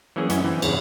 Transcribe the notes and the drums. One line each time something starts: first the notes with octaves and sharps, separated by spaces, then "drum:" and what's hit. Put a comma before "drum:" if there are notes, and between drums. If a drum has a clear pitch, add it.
E3 F#3 A#3 C#4 G#4
F#2 C#4 E4 D#5 G#5, drum: hi-hat
E3 C4
E2 G#2 C#3, drum: cymbal